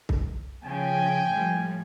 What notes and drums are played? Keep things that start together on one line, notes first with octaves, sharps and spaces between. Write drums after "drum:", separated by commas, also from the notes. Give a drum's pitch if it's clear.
drum: kick C2
C#3 F3 G5 G#5
A2 F3 G3